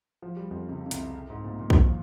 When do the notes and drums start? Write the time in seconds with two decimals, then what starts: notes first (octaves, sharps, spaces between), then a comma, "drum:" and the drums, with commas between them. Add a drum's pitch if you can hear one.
0.22 F3
0.37 G3
0.51 F2 F3
0.69 C#2 C#3
0.86 C#3
0.91 C2 C3, drum: hi-hat
1.30 G#2
1.44 A#2
1.59 A#2
1.70 D#2 D#3, drum: kick
1.82 F3